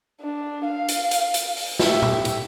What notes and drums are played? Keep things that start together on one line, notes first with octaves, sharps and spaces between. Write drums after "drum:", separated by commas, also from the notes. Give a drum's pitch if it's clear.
D4
F5
drum: hi-hat
drum: hi-hat
drum: hi-hat
drum: open hi-hat
G4 E5, drum: snare
drum: tom A#2
drum: hi-hat